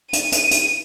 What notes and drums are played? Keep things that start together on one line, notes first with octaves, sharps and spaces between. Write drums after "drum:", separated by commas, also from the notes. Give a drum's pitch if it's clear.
D#7, drum: hi-hat
drum: hi-hat
drum: hi-hat